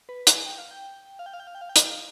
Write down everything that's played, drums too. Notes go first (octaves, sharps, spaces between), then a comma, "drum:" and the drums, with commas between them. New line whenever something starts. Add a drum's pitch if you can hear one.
B4
G#5, drum: hi-hat
G5
F5
G5
F5
G5
F5
G5
F5
G5
F5
G5
F5, drum: hi-hat
G5
F5